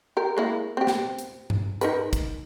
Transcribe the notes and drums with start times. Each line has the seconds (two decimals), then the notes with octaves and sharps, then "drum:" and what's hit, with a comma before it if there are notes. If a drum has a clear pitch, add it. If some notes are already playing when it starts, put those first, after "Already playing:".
0.17 G4 A#4
0.37 G#3 A#3 E4
0.77 C4 G4
0.87 drum: snare
1.19 drum: hi-hat
1.50 drum: tom G2
1.81 D#4 A#4 B4, drum: hi-hat
2.13 drum: kick, hi-hat